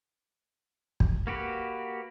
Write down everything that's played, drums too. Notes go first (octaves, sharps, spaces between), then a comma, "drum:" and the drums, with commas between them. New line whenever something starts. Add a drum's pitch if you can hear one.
drum: kick
A#3 F#4 G4 B4